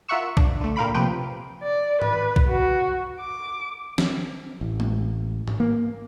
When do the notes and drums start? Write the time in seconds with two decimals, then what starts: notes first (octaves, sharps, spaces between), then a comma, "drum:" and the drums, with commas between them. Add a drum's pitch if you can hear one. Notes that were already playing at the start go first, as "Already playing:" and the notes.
0.08 F4 A#4 E5 F#5 C#6 E6
0.37 D4, drum: kick
0.61 D3 A3
0.76 A#2 A#4 F5 G5 B5 B6
0.94 C3 F3 A#3 B4 G5
1.63 D5
2.02 B4, drum: tom G#2
2.36 drum: kick
2.49 F#4
3.20 D6
3.98 C4, drum: snare
4.61 A1
4.80 drum: tom G#3
5.48 drum: tom G#2
5.60 A#3